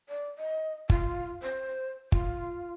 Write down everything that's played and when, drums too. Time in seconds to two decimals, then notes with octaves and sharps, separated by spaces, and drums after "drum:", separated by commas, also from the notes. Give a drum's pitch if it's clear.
0.09 D5
0.38 D#5
0.90 F4, drum: kick
1.42 C5
2.12 F4, drum: kick